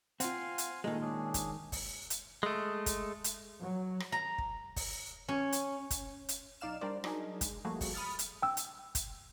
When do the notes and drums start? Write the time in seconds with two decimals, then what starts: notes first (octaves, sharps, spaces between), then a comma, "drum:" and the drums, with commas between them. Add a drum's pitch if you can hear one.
0.20 C4 F4 F5 F#5 G#5 C6, drum: hi-hat
0.58 drum: hi-hat
0.84 A#2 D#3 G#3 A3 A#5
1.02 C#4 D4 G#4
1.34 drum: kick, hi-hat
1.72 drum: kick, open hi-hat
2.10 drum: hi-hat
2.43 G#3 A3
2.86 drum: kick, hi-hat
3.24 drum: hi-hat
3.61 F#3
4.00 drum: rim click
4.12 A#5
4.38 drum: kick
4.76 drum: kick, open hi-hat
5.28 C#4
5.52 drum: hi-hat
5.91 drum: kick, hi-hat
6.29 drum: hi-hat
6.61 B1 D#4 D5 F5 F6 E7
6.81 G3 D4 A#4 C5 D5
7.04 F#3 D4 D#4 G#4 A#4, drum: rim click
7.41 G#3, drum: kick, hi-hat
7.65 F3 G3 A3 A#3 F#4 G#4
7.81 drum: kick, open hi-hat
7.94 B5 D#6 F6 A6
8.19 drum: hi-hat
8.42 G5 E6
8.57 drum: hi-hat
8.95 drum: kick, hi-hat